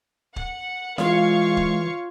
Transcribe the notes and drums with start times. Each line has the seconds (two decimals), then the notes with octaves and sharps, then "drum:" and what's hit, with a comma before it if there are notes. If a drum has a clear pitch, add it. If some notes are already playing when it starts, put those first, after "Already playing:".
0.36 F#5, drum: kick
0.98 E3 G#3 F4 C#5 F5 C#6, drum: snare E4
1.57 drum: kick